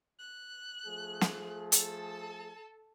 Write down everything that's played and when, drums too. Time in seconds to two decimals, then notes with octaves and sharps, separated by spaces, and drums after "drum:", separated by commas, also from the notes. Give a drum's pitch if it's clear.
0.19 F#6
0.86 F3 A3 G#4
1.21 drum: snare
1.72 A4 A5, drum: hi-hat